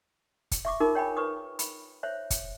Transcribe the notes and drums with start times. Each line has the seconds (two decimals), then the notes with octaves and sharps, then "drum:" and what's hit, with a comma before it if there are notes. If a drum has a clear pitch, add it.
0.51 drum: kick, hi-hat
0.65 E5 C#6 D6
0.80 D#4 F4 G#4 A#4 D6
0.95 C#5 G5 G#5 B5
1.17 B4 C#6 D#6
1.59 B5, drum: hi-hat
2.03 C5 C#5 E5
2.30 drum: kick, hi-hat